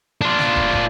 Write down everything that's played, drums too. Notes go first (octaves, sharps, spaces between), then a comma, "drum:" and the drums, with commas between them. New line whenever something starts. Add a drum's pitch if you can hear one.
D4 F4
drum: snare
drum: kick
drum: kick